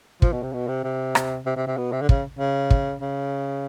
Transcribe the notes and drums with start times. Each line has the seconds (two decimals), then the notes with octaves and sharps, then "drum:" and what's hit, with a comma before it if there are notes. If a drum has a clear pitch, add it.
0.22 F3, drum: kick
0.33 B2
0.43 C3
0.53 B2
0.68 C3
0.84 C3
1.15 drum: rim click
1.46 C3
1.56 C3
1.67 C3
1.77 B2
1.92 C3
2.02 D3
2.09 C#3, drum: kick
2.39 C#3
2.70 drum: kick
3.01 C#3